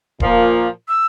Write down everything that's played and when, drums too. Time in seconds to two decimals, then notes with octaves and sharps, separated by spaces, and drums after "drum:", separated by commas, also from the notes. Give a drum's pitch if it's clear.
0.20 A#2 F3 A#3, drum: kick D#1
0.88 E6